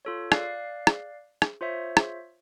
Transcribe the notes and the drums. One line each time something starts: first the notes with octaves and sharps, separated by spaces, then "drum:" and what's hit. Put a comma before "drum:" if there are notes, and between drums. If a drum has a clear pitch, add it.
F4 A4 C#5
D5 F5 F#6 C7, drum: rim click
drum: rim click
drum: rim click
F4 C5 C#5 E5
drum: rim click